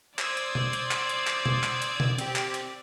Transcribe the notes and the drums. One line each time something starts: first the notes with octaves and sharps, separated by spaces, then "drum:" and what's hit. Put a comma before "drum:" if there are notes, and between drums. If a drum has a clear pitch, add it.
C5 D5 D#6 E6 G#6, drum: clap
drum: hi-hat
drum: tom B2
drum: hi-hat
drum: clap
drum: hi-hat
drum: clap
drum: tom B2
drum: clap
drum: hi-hat
drum: tom B2
C4 G4, drum: hi-hat
drum: clap
drum: hi-hat